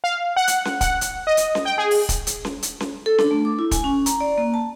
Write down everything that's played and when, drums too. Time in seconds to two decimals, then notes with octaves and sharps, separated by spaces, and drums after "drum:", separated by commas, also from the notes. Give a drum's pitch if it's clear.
0.04 F5
0.36 F#5
0.47 drum: hi-hat
0.65 drum: snare C#4
0.81 F#5, drum: kick, hi-hat
1.01 drum: hi-hat
1.27 D#5
1.37 drum: hi-hat
1.55 drum: snare C#4
1.65 G5
1.78 G#4
1.91 drum: open hi-hat
2.09 drum: kick, hi-hat
2.27 drum: hi-hat
2.45 drum: snare C#4
2.63 drum: hi-hat
2.80 drum: snare C#4
3.06 A4
3.18 D4, drum: snare C#4
3.31 A3
3.45 D6
3.59 E4
3.71 G#5, drum: kick, hi-hat
3.84 C#4
4.06 A#5, drum: hi-hat
4.21 D5
4.38 A#3
4.54 A5